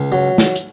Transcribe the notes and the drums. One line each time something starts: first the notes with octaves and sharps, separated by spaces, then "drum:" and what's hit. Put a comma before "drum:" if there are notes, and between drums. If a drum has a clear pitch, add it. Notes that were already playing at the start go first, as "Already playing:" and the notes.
Already playing: C#2
F#3
drum: snare
drum: hi-hat